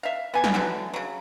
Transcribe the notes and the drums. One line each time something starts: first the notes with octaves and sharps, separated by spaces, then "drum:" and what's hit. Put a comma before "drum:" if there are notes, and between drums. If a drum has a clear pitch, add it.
E5 F5
B3 G#5
drum: snare
D3 E3 F#3 G3
C#3 F#3